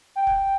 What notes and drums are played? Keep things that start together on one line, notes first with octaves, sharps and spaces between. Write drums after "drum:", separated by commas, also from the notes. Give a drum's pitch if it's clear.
G5
drum: kick E1